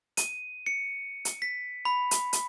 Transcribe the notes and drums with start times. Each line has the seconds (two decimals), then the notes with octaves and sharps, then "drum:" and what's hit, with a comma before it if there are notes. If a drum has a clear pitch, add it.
0.17 D#7, drum: hi-hat
0.66 C#7
1.25 drum: hi-hat
1.42 B6
1.85 B5
2.11 drum: hi-hat
2.33 drum: hi-hat